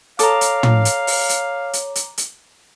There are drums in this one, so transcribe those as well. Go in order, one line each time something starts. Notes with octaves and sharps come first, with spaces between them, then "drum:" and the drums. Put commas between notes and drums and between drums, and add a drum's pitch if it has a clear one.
A4 C#5 F5 A5 A#5 D6 D#6, drum: hi-hat
drum: hi-hat
drum: tom
drum: hi-hat
drum: open hi-hat
drum: hi-hat
drum: hi-hat
drum: hi-hat
drum: hi-hat